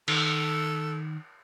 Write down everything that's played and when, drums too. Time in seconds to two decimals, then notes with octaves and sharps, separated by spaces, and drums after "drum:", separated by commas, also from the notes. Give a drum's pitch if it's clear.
0.08 D#3 A4, drum: cymbal